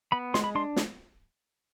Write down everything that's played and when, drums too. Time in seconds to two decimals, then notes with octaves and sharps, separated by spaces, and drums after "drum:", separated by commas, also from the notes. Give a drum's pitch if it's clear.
0.12 B3 B5
0.34 G#3 C6, drum: snare
0.44 B5
0.55 D4 C6
0.76 drum: snare